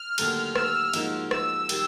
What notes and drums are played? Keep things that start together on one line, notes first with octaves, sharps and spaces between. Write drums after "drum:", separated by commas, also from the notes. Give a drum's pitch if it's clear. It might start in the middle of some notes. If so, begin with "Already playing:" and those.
Already playing: F6
D#2 D3 F#3 A3, drum: cymbal
E6, drum: rim click
G#2 F3 A#3 D#4 F#4, drum: cymbal
E6, drum: rim click
D#3 G3, drum: cymbal